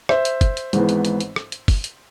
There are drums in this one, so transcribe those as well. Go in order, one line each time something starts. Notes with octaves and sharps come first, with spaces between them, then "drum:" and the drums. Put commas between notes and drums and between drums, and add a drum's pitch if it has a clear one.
C5 E5, drum: rim click
drum: hi-hat
drum: kick F#1, hi-hat
drum: hi-hat
G#1 G#2 E3 B3, drum: hi-hat
drum: hi-hat
drum: hi-hat
drum: hi-hat
drum: rim click
drum: hi-hat
drum: kick F#1, open hi-hat
drum: hi-hat